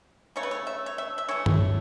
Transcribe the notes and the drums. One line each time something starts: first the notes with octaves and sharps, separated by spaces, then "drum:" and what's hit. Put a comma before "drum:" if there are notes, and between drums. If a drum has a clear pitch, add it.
C#3 A3 C#5
B4
C#5
E5
C#5
E5
E5
E3 A3 C#5
drum: tom G2